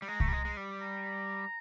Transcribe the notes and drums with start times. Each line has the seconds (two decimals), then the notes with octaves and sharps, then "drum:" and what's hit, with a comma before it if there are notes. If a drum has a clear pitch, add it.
0.02 G3
0.08 G#3 A#5
0.20 A3, drum: kick C2
0.28 G3
0.33 G#3
0.45 G#3
0.57 G3
0.81 A#5